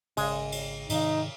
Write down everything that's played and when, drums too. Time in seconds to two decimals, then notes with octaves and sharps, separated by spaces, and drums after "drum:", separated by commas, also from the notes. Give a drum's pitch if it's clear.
0.17 G#1 C#3 G#3 C#4, drum: cymbal
0.52 drum: cymbal
0.90 G#2 C3 D#3 D#4, drum: cymbal